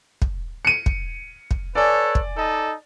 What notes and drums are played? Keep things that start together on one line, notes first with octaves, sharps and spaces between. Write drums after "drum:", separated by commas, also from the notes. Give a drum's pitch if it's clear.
drum: kick
C#7 D#7
drum: kick
drum: kick
A4 B4 C#5 D5 G#5
drum: kick
D#4 A4 D#5